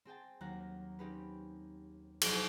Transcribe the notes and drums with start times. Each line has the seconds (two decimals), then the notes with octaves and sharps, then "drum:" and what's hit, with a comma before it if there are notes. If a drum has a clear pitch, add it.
0.05 C4 G#4 G5 A5
0.41 D#2 F#3 A#3 A#5 F#6
0.99 C4 C#4 D#4 G4 G#4 B4
2.21 F1 F3 F#3 B3 D#4 G#5, drum: cymbal